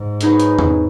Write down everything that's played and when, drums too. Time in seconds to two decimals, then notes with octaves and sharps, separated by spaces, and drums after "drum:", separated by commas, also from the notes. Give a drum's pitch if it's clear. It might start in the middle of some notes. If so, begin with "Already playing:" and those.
Already playing: G#2
0.21 F#3 B3 D#4 G#4, drum: hi-hat
0.40 drum: hi-hat
0.59 drum: tom E2